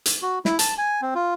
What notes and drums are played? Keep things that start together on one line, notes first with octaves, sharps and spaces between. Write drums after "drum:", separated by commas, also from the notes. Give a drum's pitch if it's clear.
drum: hi-hat
F#4
E4, drum: snare
A5, drum: hi-hat
G#5
C4
F4